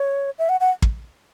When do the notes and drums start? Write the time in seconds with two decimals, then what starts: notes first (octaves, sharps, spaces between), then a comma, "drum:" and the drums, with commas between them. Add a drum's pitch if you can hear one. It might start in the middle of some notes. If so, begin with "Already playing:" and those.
Already playing: C#5
0.39 E5
0.49 F#5
0.60 F#5
0.82 drum: kick